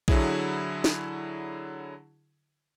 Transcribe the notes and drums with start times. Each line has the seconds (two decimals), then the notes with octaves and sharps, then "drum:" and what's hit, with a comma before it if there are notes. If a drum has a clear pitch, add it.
0.08 D3 F#3 E4 G#4, drum: kick A#1
0.84 drum: snare